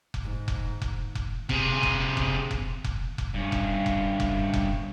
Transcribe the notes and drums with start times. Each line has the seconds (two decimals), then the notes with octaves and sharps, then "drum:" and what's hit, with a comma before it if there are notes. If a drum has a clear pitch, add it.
0.14 drum: kick F1
0.24 G#2
0.48 drum: kick F1
0.82 drum: kick F1
1.15 drum: kick F1
1.49 C3 G#4, drum: kick F1
1.83 drum: kick F1
2.17 drum: kick F1
2.51 drum: kick F1
2.84 drum: kick F1
3.18 drum: kick F1
3.34 G2 C#4
3.52 drum: kick F1
3.86 drum: kick F1
4.20 drum: kick F1
4.53 drum: kick F1